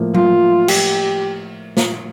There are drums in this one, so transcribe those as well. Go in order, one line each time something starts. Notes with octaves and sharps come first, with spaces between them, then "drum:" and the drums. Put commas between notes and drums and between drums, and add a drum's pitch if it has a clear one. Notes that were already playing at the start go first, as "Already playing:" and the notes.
Already playing: A2 F3 A#3
F4, drum: tom F#3
G4, drum: cymbal
drum: snare